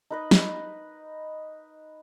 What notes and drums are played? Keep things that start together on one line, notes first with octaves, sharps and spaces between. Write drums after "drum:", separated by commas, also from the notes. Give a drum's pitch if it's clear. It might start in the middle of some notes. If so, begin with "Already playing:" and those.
D#4 B4 D#5
drum: snare